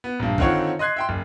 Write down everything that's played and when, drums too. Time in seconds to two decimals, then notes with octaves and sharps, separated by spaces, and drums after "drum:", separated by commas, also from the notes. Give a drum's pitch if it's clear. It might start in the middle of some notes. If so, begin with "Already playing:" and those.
0.04 B3
0.19 A#1 G2
0.38 D3 D#3 C4 F4 C#5 F#5, drum: kick
0.79 D#5 C6 F#6 G#6 C7
0.96 E5 G5 C6
1.09 F#1